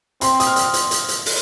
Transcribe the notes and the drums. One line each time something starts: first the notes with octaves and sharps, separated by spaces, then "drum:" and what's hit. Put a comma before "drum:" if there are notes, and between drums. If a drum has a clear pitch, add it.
C4 C6, drum: hi-hat
D#6, drum: hi-hat
F6
drum: hi-hat
drum: hi-hat
drum: hi-hat
drum: hi-hat
drum: open hi-hat